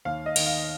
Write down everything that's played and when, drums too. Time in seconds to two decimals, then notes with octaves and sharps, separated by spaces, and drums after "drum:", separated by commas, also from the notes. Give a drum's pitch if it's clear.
0.05 D#2 F5
0.26 D#5
0.36 D#3, drum: cymbal
0.46 F5